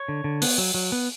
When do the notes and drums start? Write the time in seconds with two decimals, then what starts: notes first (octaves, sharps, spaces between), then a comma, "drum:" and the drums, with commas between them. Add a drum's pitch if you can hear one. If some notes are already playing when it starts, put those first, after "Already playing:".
Already playing: C#5
0.08 D3
0.24 D3
0.42 B3, drum: open hi-hat
0.58 F#3
0.74 F#3
0.92 B3